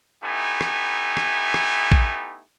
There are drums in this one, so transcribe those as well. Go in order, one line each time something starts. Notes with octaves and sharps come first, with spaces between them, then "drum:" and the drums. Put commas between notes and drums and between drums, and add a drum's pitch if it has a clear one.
A3 B3 D#4 E4 G4 G#5
drum: rim click
drum: rim click
drum: rim click
drum: kick